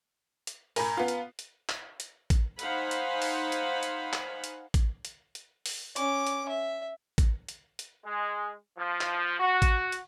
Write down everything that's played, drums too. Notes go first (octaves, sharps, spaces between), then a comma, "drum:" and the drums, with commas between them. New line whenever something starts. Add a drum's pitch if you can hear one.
drum: hi-hat
A2 A#4 G#5 A#5 B5, drum: open hi-hat
B3 F4
drum: hi-hat
drum: hi-hat
drum: clap
drum: hi-hat
drum: kick A1, hi-hat
D#4 C5 F5 F#5 G#5 B5, drum: hi-hat
drum: hi-hat
drum: open hi-hat
drum: hi-hat
drum: hi-hat
drum: clap
drum: hi-hat
drum: kick A1, hi-hat
drum: hi-hat
drum: hi-hat
drum: open hi-hat
C#4 D6, drum: hi-hat
drum: hi-hat
E5
drum: kick A1, hi-hat
drum: hi-hat
drum: hi-hat
G#3
F3
drum: clap
F#4
drum: kick A1, hi-hat
drum: hi-hat